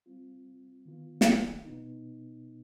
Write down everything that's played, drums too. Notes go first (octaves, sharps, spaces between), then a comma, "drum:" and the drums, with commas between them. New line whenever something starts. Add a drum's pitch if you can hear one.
G3 C4 F4
D#3 B3 F4
drum: snare
B2 B3 D#4